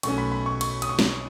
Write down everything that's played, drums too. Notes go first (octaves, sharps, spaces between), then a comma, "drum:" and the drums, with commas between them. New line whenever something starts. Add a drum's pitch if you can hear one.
B1 B2 A3 C#4 C#6, drum: cymbal
B5
B5
C#6
C#6, drum: cymbal
D#6, drum: cymbal
C#6
drum: snare